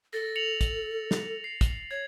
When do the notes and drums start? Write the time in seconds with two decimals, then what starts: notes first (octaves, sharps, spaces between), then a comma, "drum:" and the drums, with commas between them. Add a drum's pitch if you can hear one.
0.13 A4 A6 A#6
0.36 C#7 F7 F#7
0.61 drum: kick, hi-hat
1.11 drum: snare
1.44 C7
1.61 drum: kick, hi-hat
1.91 C#5 G#6